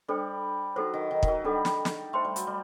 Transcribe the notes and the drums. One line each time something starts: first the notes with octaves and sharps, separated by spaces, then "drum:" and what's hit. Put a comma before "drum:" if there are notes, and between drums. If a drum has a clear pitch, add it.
G3 D4 A4 C5 G5
F#3 D#4 F#4 A4 C5
D#3
D#3
D#3, drum: kick
F#3
G3 D4 A4 D#5 F#5
drum: snare
drum: snare
A3 C5 G5 C6
G3
F#3, drum: hi-hat
G3